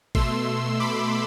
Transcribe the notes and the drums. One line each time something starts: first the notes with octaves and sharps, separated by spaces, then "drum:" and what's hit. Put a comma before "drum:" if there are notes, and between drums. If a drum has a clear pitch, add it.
B2 A3 C6 E6, drum: kick G#1
B5 D6